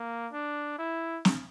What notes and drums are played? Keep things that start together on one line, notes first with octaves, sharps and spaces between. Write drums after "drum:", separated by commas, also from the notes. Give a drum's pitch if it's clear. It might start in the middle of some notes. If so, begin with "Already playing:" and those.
Already playing: A#3
D4
E4
drum: snare